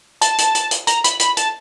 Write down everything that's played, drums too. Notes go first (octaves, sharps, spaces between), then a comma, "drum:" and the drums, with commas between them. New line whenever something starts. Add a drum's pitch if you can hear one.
A5, drum: hi-hat
drum: hi-hat
drum: hi-hat
drum: hi-hat
A#5, drum: hi-hat
B5, drum: hi-hat
B5, drum: hi-hat
A5, drum: hi-hat